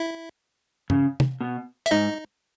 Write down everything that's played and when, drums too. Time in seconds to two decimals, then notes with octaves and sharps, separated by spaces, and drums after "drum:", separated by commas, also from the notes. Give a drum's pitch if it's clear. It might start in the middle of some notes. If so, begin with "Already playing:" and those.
Already playing: E4 E5
0.90 C#3, drum: tom
1.20 drum: tom
1.41 B2
1.86 E5, drum: hi-hat
1.91 G#2 D#4 D#5